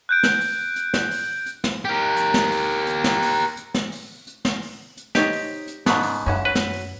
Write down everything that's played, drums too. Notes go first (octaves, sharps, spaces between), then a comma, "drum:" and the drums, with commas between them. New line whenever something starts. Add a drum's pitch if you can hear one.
F#6 G6 D7
drum: snare
drum: open hi-hat
drum: hi-hat
drum: snare
drum: open hi-hat
drum: hi-hat
drum: snare
G4 A#4
drum: hi-hat
drum: snare
drum: open hi-hat
drum: hi-hat
drum: snare
drum: open hi-hat
drum: hi-hat
drum: snare
drum: open hi-hat
drum: hi-hat
drum: snare
drum: open hi-hat
drum: hi-hat
D#4 G4 C5 C#5, drum: snare
drum: open hi-hat
drum: hi-hat
G#2 C#3 B3 D4, drum: snare
drum: open hi-hat
F#2 C#4 E4 F#5
F#3 B4
drum: snare
drum: open hi-hat